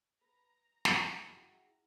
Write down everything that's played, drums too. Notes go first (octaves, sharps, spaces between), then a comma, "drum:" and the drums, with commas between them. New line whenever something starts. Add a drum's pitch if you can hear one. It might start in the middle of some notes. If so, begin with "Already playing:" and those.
B4 A#5
E5, drum: snare
C#4 E4 F#4 G#4 E5 G5